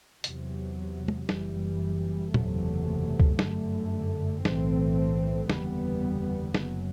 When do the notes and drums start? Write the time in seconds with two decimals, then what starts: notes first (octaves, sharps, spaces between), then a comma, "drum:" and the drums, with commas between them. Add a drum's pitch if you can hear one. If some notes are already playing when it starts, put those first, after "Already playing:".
0.24 E2 C3 F#3, drum: hi-hat
1.08 drum: tom
1.29 F#1 F#2 E3 G3, drum: snare
2.34 F#1 E2 C3 F#3 A3, drum: tom
3.20 drum: kick C#2
3.39 G1 F#2 D3 A3, drum: snare
4.45 B1 A2 E3 A3 C4, drum: snare
5.50 F#1 E2 D3 G3 B3, drum: snare
6.55 F#1 F#2 F#3, drum: snare